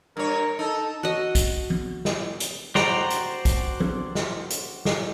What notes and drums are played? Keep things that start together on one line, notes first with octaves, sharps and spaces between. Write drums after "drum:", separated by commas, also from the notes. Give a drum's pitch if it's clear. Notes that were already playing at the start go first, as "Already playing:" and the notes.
G2 A#4 C#5
D#4 A4
F#4 D#5
drum: kick, hi-hat
drum: tom F3
drum: snare
drum: hi-hat
F#4 C5 D5 G5 A#5, drum: snare
drum: hi-hat
drum: kick, hi-hat
drum: tom F3
drum: snare
drum: hi-hat
drum: snare